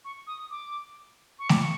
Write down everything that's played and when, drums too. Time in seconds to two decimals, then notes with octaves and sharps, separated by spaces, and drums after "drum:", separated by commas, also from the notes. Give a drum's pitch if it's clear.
0.05 C#6
0.27 D#6
0.51 D6
1.39 C#6
1.49 D6, drum: snare A3
1.60 C#6